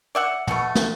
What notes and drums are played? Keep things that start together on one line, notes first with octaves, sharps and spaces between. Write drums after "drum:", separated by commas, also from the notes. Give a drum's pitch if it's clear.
D5 E5 F#5
B2 A3 F#5, drum: tom
drum: snare